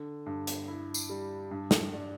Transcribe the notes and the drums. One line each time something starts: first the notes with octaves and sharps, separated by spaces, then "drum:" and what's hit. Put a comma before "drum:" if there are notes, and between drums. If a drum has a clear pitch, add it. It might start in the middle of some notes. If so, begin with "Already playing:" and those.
Already playing: D3
G2
drum: hi-hat
E4
drum: tambourine
G3
G2
drum: snare
D4